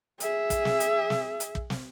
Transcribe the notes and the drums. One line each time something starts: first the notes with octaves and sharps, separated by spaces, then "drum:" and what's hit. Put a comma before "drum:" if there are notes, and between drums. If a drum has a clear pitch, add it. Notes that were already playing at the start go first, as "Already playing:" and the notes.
G#4 E5, drum: hi-hat
drum: kick, hi-hat
drum: snare
drum: hi-hat
drum: snare
drum: hi-hat
drum: kick
drum: snare